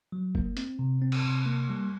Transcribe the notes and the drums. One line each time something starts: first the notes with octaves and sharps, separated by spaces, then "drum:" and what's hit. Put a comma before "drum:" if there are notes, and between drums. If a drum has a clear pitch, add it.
F#3
A#3, drum: kick F1
C4, drum: hi-hat
C3
C4
drum: cymbal
C3
A#3
G3